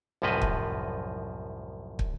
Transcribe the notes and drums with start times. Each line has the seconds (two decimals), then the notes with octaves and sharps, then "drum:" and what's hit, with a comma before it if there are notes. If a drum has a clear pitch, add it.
0.22 C2 F#2 A2 F3 B4 D#5
0.42 drum: kick
1.99 drum: kick